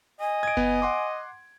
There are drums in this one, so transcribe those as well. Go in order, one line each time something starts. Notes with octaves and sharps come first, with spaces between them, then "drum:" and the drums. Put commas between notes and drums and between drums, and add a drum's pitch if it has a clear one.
D#5 G#5
G#6 D7
B3, drum: kick F#1
F#5 C6 D6